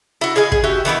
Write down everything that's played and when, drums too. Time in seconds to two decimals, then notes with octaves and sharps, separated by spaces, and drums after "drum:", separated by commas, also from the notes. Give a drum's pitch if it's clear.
0.21 E4 F#4
0.36 G#4 D#5 F5 G#5
0.52 G#4, drum: kick
0.64 F#4 G4 E5
0.85 D#3 E3 B3 E4